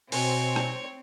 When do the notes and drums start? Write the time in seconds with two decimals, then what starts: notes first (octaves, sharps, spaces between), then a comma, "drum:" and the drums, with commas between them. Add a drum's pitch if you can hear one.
0.12 B2 C4 C#5 G#5, drum: open hi-hat
0.56 drum: rim click